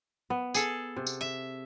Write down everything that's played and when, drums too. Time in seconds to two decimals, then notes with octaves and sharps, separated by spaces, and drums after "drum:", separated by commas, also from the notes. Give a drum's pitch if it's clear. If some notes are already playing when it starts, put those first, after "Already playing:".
0.30 B3
0.54 G#4 A4, drum: tambourine
0.96 C3
1.07 drum: tambourine
1.21 E5